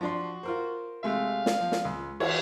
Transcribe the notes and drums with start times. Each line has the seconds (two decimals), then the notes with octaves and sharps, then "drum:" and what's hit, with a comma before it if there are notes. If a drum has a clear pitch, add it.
0.01 F3 D4 F#4 C6
0.43 F4 A#4 C5
1.04 C3 G#3 A3 F5
1.46 drum: snare
1.61 F3
1.72 drum: snare
1.85 C#2
2.20 E3 C#5, drum: cymbal